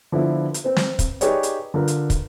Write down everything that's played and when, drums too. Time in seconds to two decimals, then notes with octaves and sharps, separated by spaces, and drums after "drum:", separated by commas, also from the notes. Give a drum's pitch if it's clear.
0.12 D3 F3 B3 E4
0.54 drum: hi-hat
0.64 C4 B4 C5
0.77 drum: snare
0.99 drum: kick, hi-hat
1.21 D#4 G4 G#4 B4 C#5 D5, drum: hi-hat
1.43 drum: hi-hat
1.74 D3 F4 A#4 B4
1.88 drum: hi-hat
2.10 drum: kick, hi-hat